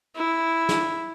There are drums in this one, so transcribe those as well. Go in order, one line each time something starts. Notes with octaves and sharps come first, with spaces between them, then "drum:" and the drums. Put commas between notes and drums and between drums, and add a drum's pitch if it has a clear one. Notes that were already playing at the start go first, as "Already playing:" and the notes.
E4
drum: snare